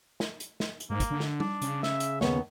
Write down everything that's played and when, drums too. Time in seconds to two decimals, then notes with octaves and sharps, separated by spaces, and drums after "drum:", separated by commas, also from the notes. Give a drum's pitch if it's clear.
0.20 drum: snare
0.40 drum: hi-hat
0.60 drum: snare
0.80 drum: hi-hat
0.90 G#2 A#3
1.00 drum: kick, hi-hat
1.11 D3
1.20 drum: snare
1.40 D4, drum: tom G3
1.62 C#3, drum: hi-hat
1.83 E5, drum: snare
2.00 drum: hi-hat
2.21 D#2 B3 C#5, drum: snare